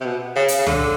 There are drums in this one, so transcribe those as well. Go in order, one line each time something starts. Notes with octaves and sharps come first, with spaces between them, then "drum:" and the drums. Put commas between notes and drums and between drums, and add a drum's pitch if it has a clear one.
C3
B2
C#3
drum: hi-hat
C#3
D3, drum: tom